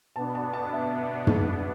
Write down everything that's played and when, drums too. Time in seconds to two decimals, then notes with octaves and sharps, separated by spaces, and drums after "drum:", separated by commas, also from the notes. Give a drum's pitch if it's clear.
0.16 B2 B3 D4 A5
0.35 A5
0.53 A5
0.72 E5
1.27 drum: tom